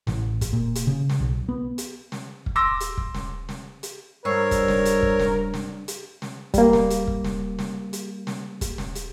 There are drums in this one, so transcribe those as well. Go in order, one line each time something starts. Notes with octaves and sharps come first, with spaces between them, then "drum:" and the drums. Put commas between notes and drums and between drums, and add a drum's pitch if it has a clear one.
A1, drum: snare
drum: kick, hi-hat
A#2
drum: hi-hat
C#3
drum: snare
B1
B3
drum: hi-hat
drum: snare
drum: kick
C6 D6 E6 A#6
drum: hi-hat
drum: kick
drum: snare
drum: snare
drum: hi-hat
G2 A#4 C5 C#5 C#6 E6
drum: kick, hi-hat
drum: snare
drum: hi-hat
drum: kick
drum: snare
drum: snare
drum: hi-hat
drum: snare
G3 A#3, drum: kick, hi-hat
drum: snare
drum: hi-hat
drum: kick
drum: snare
drum: snare
drum: hi-hat
drum: snare
drum: kick, hi-hat
drum: snare
drum: hi-hat